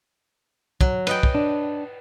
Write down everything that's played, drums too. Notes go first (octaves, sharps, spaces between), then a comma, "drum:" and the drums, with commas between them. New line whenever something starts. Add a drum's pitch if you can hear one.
F#3, drum: kick
B4 D#5 G5, drum: cymbal
drum: kick
D4